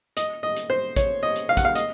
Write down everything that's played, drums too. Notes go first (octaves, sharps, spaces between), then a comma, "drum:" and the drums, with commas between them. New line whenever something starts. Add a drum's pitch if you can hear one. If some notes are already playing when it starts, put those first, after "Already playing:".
D#5, drum: hi-hat
D#5
drum: hi-hat
C5
C#5, drum: kick, hi-hat
D#5
drum: hi-hat
F5
F#5, drum: kick, hi-hat
F5
D#5, drum: hi-hat